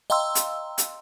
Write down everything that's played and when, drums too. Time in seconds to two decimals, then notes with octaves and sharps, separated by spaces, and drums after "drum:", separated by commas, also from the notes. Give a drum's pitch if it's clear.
0.10 D#5 F5 G5 A#5 C6 E6
0.35 drum: hi-hat
0.78 drum: hi-hat